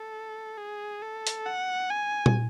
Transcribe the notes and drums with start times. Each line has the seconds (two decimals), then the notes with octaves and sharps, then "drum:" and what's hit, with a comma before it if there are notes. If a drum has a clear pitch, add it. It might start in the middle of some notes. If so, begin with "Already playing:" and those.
Already playing: A4
0.57 G#4
1.02 A4
1.27 drum: hi-hat
1.46 F#5
1.90 G#5
2.26 drum: tom A#2